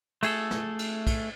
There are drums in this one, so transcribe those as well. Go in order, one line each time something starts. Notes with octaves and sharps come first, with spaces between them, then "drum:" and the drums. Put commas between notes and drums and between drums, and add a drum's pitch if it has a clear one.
A3 G#4 A4, drum: cymbal
drum: snare
drum: cymbal
drum: kick, cymbal